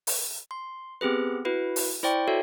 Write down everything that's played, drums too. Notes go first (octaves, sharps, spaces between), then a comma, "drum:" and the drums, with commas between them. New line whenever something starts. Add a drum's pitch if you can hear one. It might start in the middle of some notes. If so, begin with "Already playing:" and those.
drum: open hi-hat
C6
B3 C4 G4 G#4 B4
E4 F#4 B4
drum: open hi-hat
E4 C5 D5 G5 C#6
F#4 A4 C#5 E5